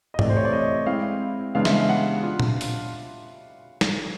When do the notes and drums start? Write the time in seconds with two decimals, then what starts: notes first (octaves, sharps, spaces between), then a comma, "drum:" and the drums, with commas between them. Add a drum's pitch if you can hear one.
0.14 D#5
0.19 C3 E3 A3 C4 D5, drum: tom G#2
0.29 C5
0.37 C#5
0.45 D5
0.53 D#5
0.86 G#3 C4 E4 F5
1.55 C#3 E3 G#3 B3 D4 F5
1.65 E5, drum: snare
1.77 F5
1.89 F#5
2.23 D4 F4
2.40 drum: tom A#2
2.61 drum: open hi-hat
3.81 drum: snare